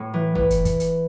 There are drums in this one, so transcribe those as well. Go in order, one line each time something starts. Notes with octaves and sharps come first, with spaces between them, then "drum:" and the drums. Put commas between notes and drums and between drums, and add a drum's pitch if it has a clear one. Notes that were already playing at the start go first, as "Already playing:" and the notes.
Already playing: A2
E3
E3, drum: tom
drum: hi-hat
drum: kick, hi-hat
drum: hi-hat